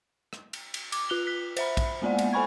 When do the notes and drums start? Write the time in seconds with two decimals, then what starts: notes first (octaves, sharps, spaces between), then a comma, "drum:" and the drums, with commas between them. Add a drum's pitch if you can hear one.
0.33 drum: rim click
0.53 drum: cymbal
0.74 drum: cymbal
0.92 D6, drum: cymbal
1.09 F4 F#6 F7 G7
1.27 F#6 B6
1.57 C5 E5 B5, drum: cymbal
1.77 drum: kick, cymbal
2.02 G#3 A#3 B3 D5 F#5
2.18 drum: cymbal
2.33 A4 C5 G#5 B5 C#6 G#6